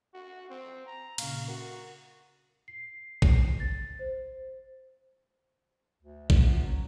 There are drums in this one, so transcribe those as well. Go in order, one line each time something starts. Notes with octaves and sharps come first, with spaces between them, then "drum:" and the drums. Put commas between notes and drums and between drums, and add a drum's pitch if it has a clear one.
F#4
C4
A#5
A#2 C#3 F5, drum: cymbal
F#4 A#4
C7
C7, drum: kick A1
A6
C5
D2
C#4 F4 F#4, drum: kick A1
F#3